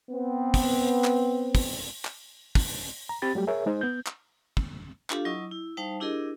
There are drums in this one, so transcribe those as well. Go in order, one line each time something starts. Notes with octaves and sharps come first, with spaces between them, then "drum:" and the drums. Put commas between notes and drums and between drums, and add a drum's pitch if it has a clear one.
B3 C4
drum: kick, open hi-hat
drum: clap
drum: kick, open hi-hat
drum: clap
drum: kick, open hi-hat
A#5
C4 G4 B5 A6
F#3 G3 A3 G4
G#4 A#4 C#5 E5
G#3 D#4 C5
B3 G6
drum: clap
drum: kick
D4 F4 G4 A4 F5, drum: clap
F#3 E4 D#5 C#6 D#6
E4
G3 D#4 C5 F5 G5 A5
D4 E4 G4 G#4 A#4 D#5